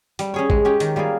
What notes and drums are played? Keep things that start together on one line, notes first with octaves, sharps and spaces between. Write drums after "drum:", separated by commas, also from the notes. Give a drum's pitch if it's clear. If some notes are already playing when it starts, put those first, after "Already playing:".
G3, drum: hi-hat
C#4 G#4 C#5
G#3, drum: kick
C#4 G4
D#3, drum: hi-hat
G3 A#3 F4 G#4